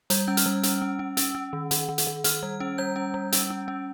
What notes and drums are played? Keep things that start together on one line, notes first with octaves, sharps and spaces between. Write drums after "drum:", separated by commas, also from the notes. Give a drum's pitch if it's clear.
G3 G6, drum: hi-hat
C#4 G6
F6, drum: hi-hat
G3
C#4, drum: hi-hat
C#4
C#4
C#4, drum: hi-hat
C#4
D#3
D#3, drum: hi-hat
D#3
drum: hi-hat
D#3
D#3 F6, drum: hi-hat
G3
C#4
G3 G6
C#4
G3
C#4, drum: hi-hat
C#4
C#4